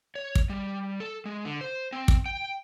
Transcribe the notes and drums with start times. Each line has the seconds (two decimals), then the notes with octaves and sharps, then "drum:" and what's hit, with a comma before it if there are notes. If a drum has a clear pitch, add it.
0.15 C#5
0.35 drum: kick
0.50 G3
1.00 A4
1.25 G#3
1.45 D3
1.61 C5
1.92 C4
2.08 drum: kick
2.26 G5